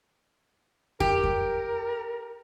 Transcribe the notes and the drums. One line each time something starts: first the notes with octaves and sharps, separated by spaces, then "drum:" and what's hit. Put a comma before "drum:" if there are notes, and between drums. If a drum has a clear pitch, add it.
G4 A#4, drum: kick F2
drum: kick F2